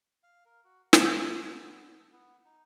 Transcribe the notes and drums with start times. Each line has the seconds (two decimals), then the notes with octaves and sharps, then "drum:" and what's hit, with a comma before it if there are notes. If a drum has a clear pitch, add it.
0.23 F5
0.46 A#4
0.64 F#4
0.93 A#5, drum: snare
1.12 G4
1.27 G4
1.50 B3
1.99 A4
2.12 B3
2.45 D#4